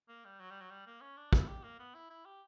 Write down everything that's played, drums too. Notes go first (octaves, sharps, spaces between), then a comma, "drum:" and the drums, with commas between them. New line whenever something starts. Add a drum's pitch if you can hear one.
A#3
G3
F#3
G3
F#3
G3
A#3
C#4
D4
E4, drum: kick
G4
A#3
B3
E4
E4
G4